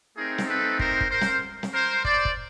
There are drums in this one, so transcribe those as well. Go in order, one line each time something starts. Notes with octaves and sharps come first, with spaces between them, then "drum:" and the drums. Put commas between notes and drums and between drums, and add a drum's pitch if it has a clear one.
A3 C4 D#4 G#4 A#4
drum: snare
A4 B4
A#4 C5, drum: kick
drum: kick
A#4 C5
drum: snare
drum: snare
A#4 C5
C5 D5, drum: kick
drum: kick